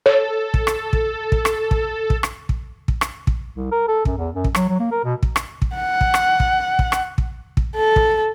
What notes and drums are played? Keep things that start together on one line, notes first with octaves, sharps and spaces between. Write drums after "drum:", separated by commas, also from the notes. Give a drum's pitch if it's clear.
A4 C#5
drum: kick
drum: rim click
drum: kick
drum: kick
drum: rim click
drum: kick
drum: kick
drum: rim click
drum: kick
drum: kick
drum: rim click
drum: kick
C2
A#4
A4
F#2, drum: kick
E2
F#2
drum: kick
F#3, drum: rim click
F#3
A#3
A#4
B2
drum: kick
drum: rim click
drum: kick
F#5
drum: kick
drum: rim click
drum: kick
drum: kick
drum: rim click
drum: kick
drum: kick
A4
drum: kick